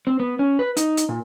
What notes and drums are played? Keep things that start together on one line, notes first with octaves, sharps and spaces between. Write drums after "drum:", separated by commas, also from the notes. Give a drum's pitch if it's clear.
C4
B3
C#4
B4
D#4, drum: hi-hat
drum: hi-hat
A#2